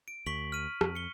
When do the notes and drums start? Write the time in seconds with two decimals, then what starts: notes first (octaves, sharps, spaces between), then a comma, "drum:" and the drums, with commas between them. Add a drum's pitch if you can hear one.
0.08 D7
0.26 D2 C#6 B6 F#7
0.52 F6 D#7
0.81 F2, drum: rim click
0.95 C#7 G7